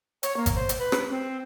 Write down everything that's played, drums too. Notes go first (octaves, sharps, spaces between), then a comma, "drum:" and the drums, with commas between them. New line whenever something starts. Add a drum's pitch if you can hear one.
C#5, drum: hi-hat
A#3
drum: kick G#1, hi-hat
C5
drum: hi-hat
B4
drum: rim click
C4